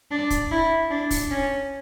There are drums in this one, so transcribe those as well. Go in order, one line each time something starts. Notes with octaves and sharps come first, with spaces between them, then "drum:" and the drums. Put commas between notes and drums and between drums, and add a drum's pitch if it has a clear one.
D4
drum: kick, hi-hat
E4
D4
drum: kick, open hi-hat
C#4